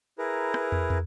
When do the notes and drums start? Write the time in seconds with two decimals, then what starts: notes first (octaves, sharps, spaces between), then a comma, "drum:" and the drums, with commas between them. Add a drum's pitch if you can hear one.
0.18 E4 G#4 A#4 B4 A#5
0.54 drum: rim click
0.72 drum: tom
0.90 drum: tom